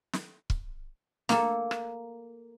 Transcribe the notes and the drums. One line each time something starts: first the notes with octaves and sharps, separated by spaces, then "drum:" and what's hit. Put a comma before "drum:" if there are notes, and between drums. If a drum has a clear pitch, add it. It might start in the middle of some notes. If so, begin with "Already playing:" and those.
drum: snare
drum: kick
A#3 A4, drum: snare
drum: rim click